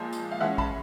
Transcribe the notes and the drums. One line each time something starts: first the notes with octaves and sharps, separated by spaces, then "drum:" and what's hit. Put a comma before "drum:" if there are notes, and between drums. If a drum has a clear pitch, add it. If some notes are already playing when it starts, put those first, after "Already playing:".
Already playing: A#2 F3 G#3
drum: tambourine
F5
E3 G#3 C#4 E5 F#5
A5 B5, drum: kick A1